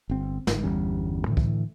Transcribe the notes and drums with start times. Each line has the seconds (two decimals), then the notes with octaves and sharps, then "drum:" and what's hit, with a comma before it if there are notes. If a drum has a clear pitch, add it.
0.09 G1 C4
0.47 G1 G#2, drum: snare
0.63 G1 E2 G3 C#4
1.27 A2 D3 E3
1.37 drum: kick C2